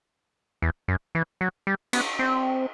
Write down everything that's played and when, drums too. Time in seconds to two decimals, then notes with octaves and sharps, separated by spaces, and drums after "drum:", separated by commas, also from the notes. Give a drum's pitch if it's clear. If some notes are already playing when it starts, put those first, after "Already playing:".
0.62 E2
0.88 F#2
1.15 E3
1.41 F#3
1.67 G3
1.93 B3, drum: cymbal
2.19 C4